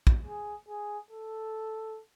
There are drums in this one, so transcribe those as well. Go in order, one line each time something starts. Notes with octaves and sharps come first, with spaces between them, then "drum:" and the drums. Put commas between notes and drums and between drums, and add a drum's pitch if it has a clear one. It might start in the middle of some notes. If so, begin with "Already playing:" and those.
drum: kick
G#4
G#4
A4